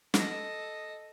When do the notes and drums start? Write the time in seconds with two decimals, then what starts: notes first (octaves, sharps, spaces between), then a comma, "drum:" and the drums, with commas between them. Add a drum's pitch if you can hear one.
0.14 A4 D#5, drum: snare